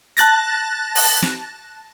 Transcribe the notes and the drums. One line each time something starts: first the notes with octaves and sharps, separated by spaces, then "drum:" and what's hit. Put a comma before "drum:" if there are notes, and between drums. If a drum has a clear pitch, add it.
A5 F#6 A6 A#6, drum: hi-hat
drum: open hi-hat
drum: snare